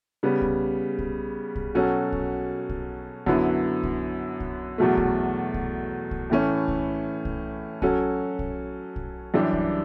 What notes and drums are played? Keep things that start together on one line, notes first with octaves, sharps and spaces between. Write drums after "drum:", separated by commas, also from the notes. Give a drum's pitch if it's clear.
C#3 G3 B3
drum: kick
drum: kick
drum: kick
B2 F#3 C#4 F#4 A4
drum: kick
drum: kick
F#2 D3 F#3 B3 E4, drum: kick
drum: kick
drum: kick
E2 B2 F#3 A3
drum: kick
drum: kick
drum: kick
A2 E3 A3 C#4
drum: kick
drum: kick
F#3 C#4 F#4 A4, drum: kick
drum: kick
drum: kick
F#2 E3 G3 D4 G4
drum: kick